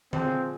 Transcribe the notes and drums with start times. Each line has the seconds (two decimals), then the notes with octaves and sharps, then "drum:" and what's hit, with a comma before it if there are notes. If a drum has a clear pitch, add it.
0.13 A#2 F3 G#3 C4 D4 G#4, drum: tom D3